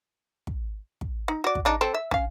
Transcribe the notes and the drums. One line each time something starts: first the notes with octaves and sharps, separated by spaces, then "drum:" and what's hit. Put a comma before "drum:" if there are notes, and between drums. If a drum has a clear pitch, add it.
drum: kick
drum: kick
D#4
F#4 D5
drum: kick
C#3 D4 D#4
C4 A4
E5
C#4 F5, drum: kick